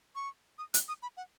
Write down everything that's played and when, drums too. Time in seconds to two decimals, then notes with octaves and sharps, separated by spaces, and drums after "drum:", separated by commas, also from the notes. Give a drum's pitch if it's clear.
0.15 C#6
0.58 D#6
0.74 F#6, drum: hi-hat
0.88 D#6
1.02 B5
1.17 F#5